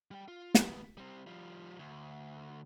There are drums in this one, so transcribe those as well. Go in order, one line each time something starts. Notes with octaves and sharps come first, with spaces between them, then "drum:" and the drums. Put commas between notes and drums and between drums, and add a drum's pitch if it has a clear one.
G3 G5
F4
D#2 B3, drum: snare
G3 C4
F3 G3
D2